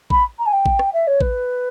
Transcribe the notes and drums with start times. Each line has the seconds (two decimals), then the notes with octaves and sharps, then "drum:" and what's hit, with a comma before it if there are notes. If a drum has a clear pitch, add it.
0.10 B5, drum: kick A1
0.38 A#5
0.46 G#5
0.52 G5
0.66 drum: kick A1
0.79 drum: rim click
0.93 E5
1.07 C#5
1.21 B4, drum: kick A1